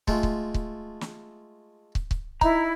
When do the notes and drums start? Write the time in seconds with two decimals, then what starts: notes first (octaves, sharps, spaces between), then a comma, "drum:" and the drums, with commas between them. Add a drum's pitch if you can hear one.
0.08 G#3 A3 F4, drum: kick
0.23 drum: kick
0.54 drum: kick
1.01 drum: snare
1.95 drum: kick
2.11 drum: kick
2.41 D#4 E4 A#5, drum: kick